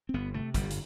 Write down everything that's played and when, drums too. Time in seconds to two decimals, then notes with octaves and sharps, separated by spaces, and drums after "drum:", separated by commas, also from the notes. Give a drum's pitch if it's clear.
0.09 C4
0.14 G1 B3
0.34 C3 A3
0.54 G1 G3, drum: kick, hi-hat
0.70 drum: hi-hat